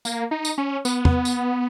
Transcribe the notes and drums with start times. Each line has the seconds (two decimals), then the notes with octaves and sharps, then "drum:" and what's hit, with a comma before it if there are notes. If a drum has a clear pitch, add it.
0.05 A#3, drum: tambourine
0.31 D#4
0.45 drum: tambourine
0.58 C#4
0.85 B3, drum: tambourine
1.05 drum: tom
1.25 drum: tambourine